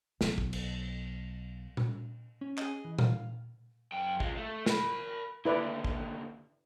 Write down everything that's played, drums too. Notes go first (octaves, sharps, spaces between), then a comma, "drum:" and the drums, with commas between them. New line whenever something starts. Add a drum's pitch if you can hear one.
B1 F#3, drum: snare
drum: kick
drum: cymbal
drum: tom A#2
C#4
G#4 D#5, drum: clap
E3
F5, drum: tom A#2
F#2 G5
G#3 F4, drum: kick
A3
A#4 B5, drum: snare
D#2 D3 E4 B4 D5
drum: kick